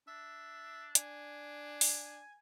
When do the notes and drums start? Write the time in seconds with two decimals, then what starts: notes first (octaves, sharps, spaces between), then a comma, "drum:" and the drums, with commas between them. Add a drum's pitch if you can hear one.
0.08 D4 E5
0.95 D4 G#5, drum: hi-hat
1.81 drum: open hi-hat